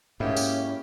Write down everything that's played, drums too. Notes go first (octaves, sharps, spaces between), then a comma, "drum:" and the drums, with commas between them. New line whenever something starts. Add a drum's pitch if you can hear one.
G#2 A#3 C#4 E4 G4
drum: tambourine